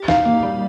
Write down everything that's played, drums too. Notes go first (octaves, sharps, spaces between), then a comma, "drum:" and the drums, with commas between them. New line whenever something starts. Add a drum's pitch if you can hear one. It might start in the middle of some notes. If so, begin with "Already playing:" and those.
Already playing: G4
D#4 F5, drum: snare
A#3
G3